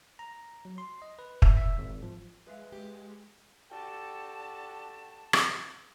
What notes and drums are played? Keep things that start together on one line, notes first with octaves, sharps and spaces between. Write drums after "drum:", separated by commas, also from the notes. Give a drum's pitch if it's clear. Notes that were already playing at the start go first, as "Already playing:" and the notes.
A#5
F#3
C6
D#5
B4
E5, drum: kick
E5
G#1
F3
G#3 B4 E5 F5
G4
D4 F#4 G4 A4 G5 A5
drum: rim click